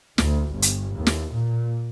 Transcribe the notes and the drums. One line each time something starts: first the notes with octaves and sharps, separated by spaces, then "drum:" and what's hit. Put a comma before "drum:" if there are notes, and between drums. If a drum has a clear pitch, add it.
D2, drum: snare
G1
drum: hi-hat
D#2
drum: snare
A#2